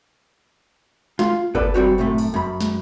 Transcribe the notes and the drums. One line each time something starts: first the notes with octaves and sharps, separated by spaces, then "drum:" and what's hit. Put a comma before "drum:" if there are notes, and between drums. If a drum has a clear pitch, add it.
F4, drum: snare
B3 A4 B4 D5, drum: kick G1
G3 C4 F#4 G4
F#2 A2 C3 A3
drum: open hi-hat
F#2 B5
drum: snare